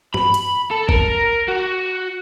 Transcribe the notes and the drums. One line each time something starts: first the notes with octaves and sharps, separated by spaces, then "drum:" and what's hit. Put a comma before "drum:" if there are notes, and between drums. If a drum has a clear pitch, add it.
B5, drum: tom
drum: hi-hat
A4
A#4, drum: kick
F#4